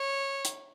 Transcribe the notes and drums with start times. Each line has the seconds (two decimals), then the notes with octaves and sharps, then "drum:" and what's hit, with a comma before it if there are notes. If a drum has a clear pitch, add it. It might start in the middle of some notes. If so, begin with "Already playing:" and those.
Already playing: C#5
0.45 drum: hi-hat